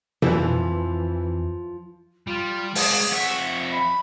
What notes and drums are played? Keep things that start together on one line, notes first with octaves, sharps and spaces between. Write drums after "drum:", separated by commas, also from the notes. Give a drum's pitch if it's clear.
F2 E3 F3, drum: tom B2
G3 F4
G#3 G#4 A5, drum: open hi-hat
F2 E5 F#5 C#6
B5